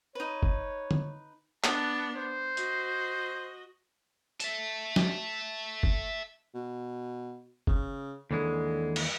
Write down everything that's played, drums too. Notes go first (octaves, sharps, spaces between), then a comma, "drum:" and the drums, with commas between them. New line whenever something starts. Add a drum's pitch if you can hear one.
D#4 B4 C#5
drum: kick F#1
drum: tom
B3 D4 A5, drum: clap
C5
F#4 D#5, drum: hi-hat
E5 A5, drum: hi-hat
drum: snare
drum: kick F#1
B2
C#3, drum: kick F#1
D#2 D3 E3 G#3
drum: cymbal